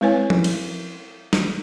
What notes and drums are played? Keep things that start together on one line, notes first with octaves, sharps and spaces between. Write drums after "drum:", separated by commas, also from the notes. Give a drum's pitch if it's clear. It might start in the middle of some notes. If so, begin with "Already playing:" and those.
G#3 C4 E4 B4 C#5 G#5
drum: tom F3
drum: cymbal
drum: snare